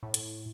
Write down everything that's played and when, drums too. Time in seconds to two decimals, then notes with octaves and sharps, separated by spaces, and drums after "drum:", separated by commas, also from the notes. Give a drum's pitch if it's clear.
0.03 A2
0.14 drum: hi-hat